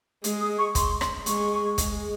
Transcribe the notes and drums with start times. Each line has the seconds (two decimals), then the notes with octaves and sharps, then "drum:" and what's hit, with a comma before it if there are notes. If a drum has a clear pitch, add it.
0.24 G#3, drum: hi-hat
0.40 D#6
0.58 C#6
0.75 C6, drum: kick, hi-hat
1.01 drum: rim click
1.26 G#3 C#6, drum: hi-hat
1.78 G#3, drum: kick, hi-hat